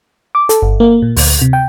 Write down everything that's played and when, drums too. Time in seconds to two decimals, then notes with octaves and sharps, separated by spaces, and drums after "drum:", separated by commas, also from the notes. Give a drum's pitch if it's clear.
0.35 D6
0.49 A4, drum: hi-hat
0.62 G1
0.80 A#3
1.02 A#2
1.17 D2, drum: open hi-hat
1.42 C3
1.53 G5